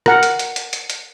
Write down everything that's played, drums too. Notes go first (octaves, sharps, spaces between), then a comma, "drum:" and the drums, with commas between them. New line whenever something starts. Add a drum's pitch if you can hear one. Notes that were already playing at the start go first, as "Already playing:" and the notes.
A#4 F#5, drum: rim click
drum: hi-hat
drum: hi-hat
drum: hi-hat
drum: hi-hat
drum: hi-hat